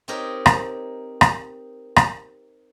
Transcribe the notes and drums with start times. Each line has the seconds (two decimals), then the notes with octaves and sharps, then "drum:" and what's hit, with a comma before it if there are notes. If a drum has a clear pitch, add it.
0.08 C4 D#4 G4 A#4 C#5
0.46 drum: rim click
1.21 drum: rim click
1.96 drum: rim click